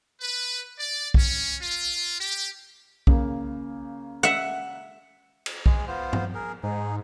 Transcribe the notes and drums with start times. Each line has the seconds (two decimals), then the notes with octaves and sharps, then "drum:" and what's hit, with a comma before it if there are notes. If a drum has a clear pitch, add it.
0.20 B4
0.78 D5
1.14 C#4, drum: kick
1.60 F4
2.17 G4
3.07 C#3 A#3, drum: kick
4.23 E5 F#5
5.46 drum: cymbal
5.66 G#3 G#4, drum: kick
5.88 B3 F4 C5
6.13 drum: tom G2
6.35 G#4 A#4
6.63 G#2 D#4 G#4